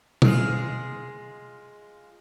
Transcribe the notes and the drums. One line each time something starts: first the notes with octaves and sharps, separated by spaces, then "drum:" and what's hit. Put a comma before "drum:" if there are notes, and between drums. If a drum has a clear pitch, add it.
G#3 F4 G#4, drum: tom B2